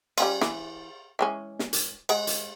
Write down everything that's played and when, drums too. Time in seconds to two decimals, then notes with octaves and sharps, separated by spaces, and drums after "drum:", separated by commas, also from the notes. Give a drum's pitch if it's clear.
0.18 G3 C#4 F4, drum: cymbal
0.41 E3, drum: snare
1.19 E3 G#3 C#4
1.59 drum: snare
1.73 drum: hi-hat
2.09 G#3 F#5, drum: cymbal
2.27 drum: hi-hat